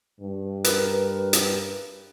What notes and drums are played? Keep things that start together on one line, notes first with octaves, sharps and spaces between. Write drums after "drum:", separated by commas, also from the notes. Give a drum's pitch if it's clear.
G2
A#4 B4, drum: hi-hat
drum: hi-hat